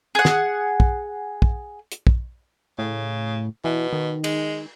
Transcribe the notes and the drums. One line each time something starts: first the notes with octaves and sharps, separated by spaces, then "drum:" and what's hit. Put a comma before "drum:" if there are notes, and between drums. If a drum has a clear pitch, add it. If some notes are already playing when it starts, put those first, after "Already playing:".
G#4 F#5
drum: snare
drum: kick
drum: kick
drum: hi-hat
drum: kick
A2 C#3
B2 E3
D#3
G#3, drum: cymbal